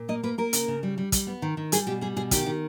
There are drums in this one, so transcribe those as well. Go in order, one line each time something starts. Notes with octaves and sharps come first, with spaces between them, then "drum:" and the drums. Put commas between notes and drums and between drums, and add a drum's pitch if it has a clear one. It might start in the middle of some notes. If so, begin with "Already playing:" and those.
Already playing: A#2
A#3 D#5
A#3 B4
A#3 A#4
C#3, drum: hi-hat
C#3
G3
G3
G3, drum: kick, hi-hat
B3
D#3
D#3
G3 G#4, drum: hi-hat
B2 G4
G3 G#4
B2 G#4
D#3 G4, drum: kick, hi-hat
D#3